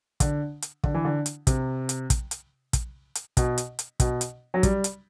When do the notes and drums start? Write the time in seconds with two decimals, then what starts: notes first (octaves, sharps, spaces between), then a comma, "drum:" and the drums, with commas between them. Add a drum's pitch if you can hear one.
0.20 D3, drum: kick, hi-hat
0.62 drum: hi-hat
0.84 D3, drum: kick
0.94 E3
1.05 D3
1.26 drum: hi-hat
1.47 C3, drum: kick, hi-hat
1.89 drum: hi-hat
2.10 drum: kick, hi-hat
2.31 drum: hi-hat
2.73 drum: kick, hi-hat
3.15 drum: hi-hat
3.37 B2, drum: kick, hi-hat
3.58 drum: hi-hat
3.79 drum: hi-hat
4.00 B2, drum: kick, hi-hat
4.21 drum: hi-hat
4.54 F#3
4.63 G3, drum: kick, hi-hat
4.84 drum: hi-hat